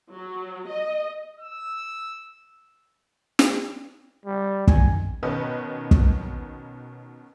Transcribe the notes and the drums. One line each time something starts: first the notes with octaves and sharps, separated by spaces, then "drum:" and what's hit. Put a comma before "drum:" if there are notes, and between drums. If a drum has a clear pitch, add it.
F#3
D#5
E6
drum: snare
G3
F#2 D#3 G#5, drum: kick
B2 D#3 C#4 B4 D#5
drum: kick